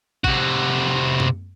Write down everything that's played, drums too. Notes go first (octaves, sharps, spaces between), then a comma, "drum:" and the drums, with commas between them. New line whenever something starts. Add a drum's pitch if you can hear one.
C3 F#4, drum: kick A1
drum: tom F#2